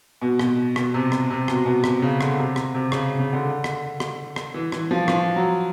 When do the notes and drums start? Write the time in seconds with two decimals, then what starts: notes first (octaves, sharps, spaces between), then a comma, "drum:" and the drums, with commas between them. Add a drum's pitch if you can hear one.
0.22 B2
0.39 B2, drum: rim click
0.76 B2, drum: rim click
0.94 C3
1.12 drum: rim click
1.30 C3
1.48 B2, drum: rim click
1.65 B2
1.84 C3, drum: rim click
2.02 C#3
2.21 D3, drum: rim click
2.38 C3
2.56 drum: rim click
2.74 C3
2.92 C#3, drum: rim click
3.19 C#3
3.33 D3
3.64 drum: rim click
4.00 drum: rim click
4.36 drum: rim click
4.54 E3
4.72 E3, drum: rim click
4.91 F3
5.08 F3, drum: rim click
5.36 F#3